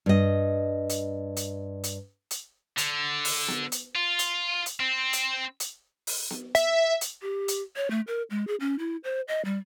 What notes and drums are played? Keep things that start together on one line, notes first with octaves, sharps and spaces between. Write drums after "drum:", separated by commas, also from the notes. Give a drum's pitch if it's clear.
G2 D#5
drum: hi-hat
drum: hi-hat
drum: hi-hat
drum: hi-hat
D3, drum: hi-hat
drum: open hi-hat
drum: snare B3
drum: hi-hat
F4
drum: hi-hat
drum: hi-hat
C4
drum: hi-hat
drum: hi-hat
drum: open hi-hat
drum: snare B3
E5, drum: hi-hat
drum: hi-hat
G4
drum: hi-hat
C#5
A3
A#4
G#3
G#4
C#4
E4
C5
D#5
G3